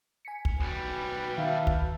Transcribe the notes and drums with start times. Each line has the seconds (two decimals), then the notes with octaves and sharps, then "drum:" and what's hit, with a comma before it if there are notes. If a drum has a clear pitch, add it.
0.25 G#5 B6 C#7
0.45 drum: kick
0.61 B1 G3 F#4 B4
1.38 D#3 E5 F5 A5
1.67 drum: kick